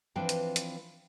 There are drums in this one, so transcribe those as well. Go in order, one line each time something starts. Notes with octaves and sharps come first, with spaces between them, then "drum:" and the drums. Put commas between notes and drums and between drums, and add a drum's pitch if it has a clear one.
E3 F3 C4 D4 B4 G5
drum: hi-hat
drum: hi-hat